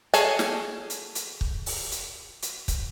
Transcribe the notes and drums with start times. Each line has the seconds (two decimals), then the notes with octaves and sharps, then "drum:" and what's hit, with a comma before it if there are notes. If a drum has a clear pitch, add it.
0.14 G#4 A4 C#5 G#5, drum: hi-hat
0.39 drum: snare
0.90 drum: hi-hat
1.15 drum: hi-hat
1.41 drum: kick
1.66 drum: open hi-hat
1.92 drum: hi-hat
2.43 drum: hi-hat
2.68 drum: kick, hi-hat